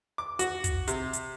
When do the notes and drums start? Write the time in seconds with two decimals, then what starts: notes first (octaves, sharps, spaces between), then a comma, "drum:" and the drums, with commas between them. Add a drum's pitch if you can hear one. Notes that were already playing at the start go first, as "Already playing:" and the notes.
0.18 D6
0.39 F#4, drum: hi-hat
0.64 drum: kick, hi-hat
0.88 C3, drum: hi-hat
1.13 drum: hi-hat